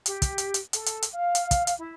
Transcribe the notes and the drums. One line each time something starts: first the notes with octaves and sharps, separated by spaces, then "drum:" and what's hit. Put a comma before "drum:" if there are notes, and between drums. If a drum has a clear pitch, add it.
G4, drum: hi-hat
drum: kick, hi-hat
drum: hi-hat
drum: hi-hat
A4, drum: hi-hat
drum: hi-hat
drum: hi-hat
F5
drum: hi-hat
drum: kick, hi-hat
drum: hi-hat
E4